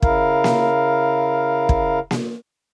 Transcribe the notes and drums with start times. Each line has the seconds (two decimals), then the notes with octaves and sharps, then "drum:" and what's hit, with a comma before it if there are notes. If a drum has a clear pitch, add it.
0.02 C#3 E4 A#4 F5, drum: kick
0.44 drum: snare A#3
1.69 drum: kick
2.11 drum: snare A#3